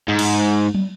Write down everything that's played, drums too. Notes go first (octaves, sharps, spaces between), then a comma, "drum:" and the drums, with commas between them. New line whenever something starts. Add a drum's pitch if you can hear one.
G#2
drum: cymbal
drum: tom